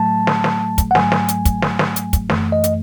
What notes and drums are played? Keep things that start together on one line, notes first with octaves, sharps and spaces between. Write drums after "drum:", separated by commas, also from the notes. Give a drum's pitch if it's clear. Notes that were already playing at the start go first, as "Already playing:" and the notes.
Already playing: A2 F#3 A3 A5
drum: snare
drum: snare
drum: kick, hi-hat
F#5
G#2 F#3 A3 G#5, drum: snare
drum: snare
drum: hi-hat
drum: kick, hi-hat
drum: snare
drum: snare
drum: hi-hat
drum: kick, hi-hat
F#2 E3 A3, drum: snare
D#5
drum: hi-hat